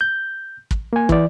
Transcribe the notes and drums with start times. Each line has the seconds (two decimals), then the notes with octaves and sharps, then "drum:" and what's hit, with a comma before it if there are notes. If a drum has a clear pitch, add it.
0.01 G6
0.71 drum: kick
0.93 A#3 G#5
1.09 E3 D5, drum: kick